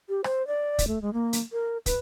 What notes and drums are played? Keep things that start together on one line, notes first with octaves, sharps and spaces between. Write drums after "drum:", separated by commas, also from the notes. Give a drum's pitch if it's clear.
G4
C5, drum: rim click
D5
drum: kick, hi-hat
A3
G#3
A#3
drum: hi-hat
A#4
B4, drum: kick, hi-hat